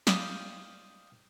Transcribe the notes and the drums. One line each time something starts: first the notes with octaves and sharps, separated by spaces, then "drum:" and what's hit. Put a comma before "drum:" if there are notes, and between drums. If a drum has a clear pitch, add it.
C5 D5 D#5 F5 G5, drum: snare